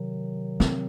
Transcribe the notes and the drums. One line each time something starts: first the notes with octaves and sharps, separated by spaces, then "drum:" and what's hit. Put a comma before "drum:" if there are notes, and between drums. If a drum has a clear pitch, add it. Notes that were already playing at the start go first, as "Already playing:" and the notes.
Already playing: C3 D#3 F#3
C4, drum: snare